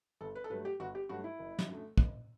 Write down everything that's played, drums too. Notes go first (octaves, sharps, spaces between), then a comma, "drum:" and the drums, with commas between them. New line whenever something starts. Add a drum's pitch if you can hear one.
G1 A4
B4
A4
G2 F#3 A3 B4
G4
G1 F#4
G4
G2 F#3 A3 F#4
E4
F#1
drum: snare
F#2 D3 A3
F#1, drum: kick